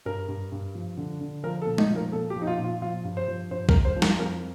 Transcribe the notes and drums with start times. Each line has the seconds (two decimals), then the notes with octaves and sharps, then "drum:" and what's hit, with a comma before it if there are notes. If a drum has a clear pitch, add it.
0.05 G2 A#4
0.28 G2
0.52 G2
0.75 F3
0.97 D3
1.21 D3
1.43 F3 A#4
1.62 A4
1.66 A#2
1.78 D#4, drum: tom G#3
1.90 F3
1.96 A#4
2.12 A#2 A4
2.30 G4
2.36 F3
2.42 D#4
2.47 F4
2.58 A#2
2.64 F4
2.81 F3 F4
3.04 G2
3.17 C5
3.28 F3
3.51 G2 C5
3.69 A#4, drum: kick B1
3.74 G2
3.85 C5
3.96 F3
4.02 A#4, drum: snare
4.19 F2 A#4